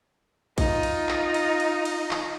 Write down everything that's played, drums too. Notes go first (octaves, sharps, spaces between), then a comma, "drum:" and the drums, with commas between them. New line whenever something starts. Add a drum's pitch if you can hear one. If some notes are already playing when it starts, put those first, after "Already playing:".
D#4 F4, drum: kick A#1, cymbal
drum: cymbal
drum: clap
drum: cymbal
drum: cymbal
drum: cymbal
drum: clap